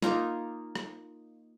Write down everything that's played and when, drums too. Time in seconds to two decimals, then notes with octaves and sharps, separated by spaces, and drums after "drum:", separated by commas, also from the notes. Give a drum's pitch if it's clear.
0.02 A#3 D#4 F4 A#5, drum: snare
0.75 drum: rim click